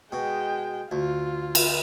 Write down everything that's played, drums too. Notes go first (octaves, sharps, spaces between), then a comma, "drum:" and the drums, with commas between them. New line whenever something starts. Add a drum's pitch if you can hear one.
B2 G#3 G5
D2 F4
drum: cymbal